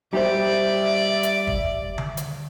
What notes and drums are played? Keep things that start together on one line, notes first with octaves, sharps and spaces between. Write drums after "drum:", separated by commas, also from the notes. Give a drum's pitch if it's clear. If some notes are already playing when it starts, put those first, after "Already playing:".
G3 G4 C5 D5 E5
drum: hi-hat
drum: kick
drum: tom D3
drum: hi-hat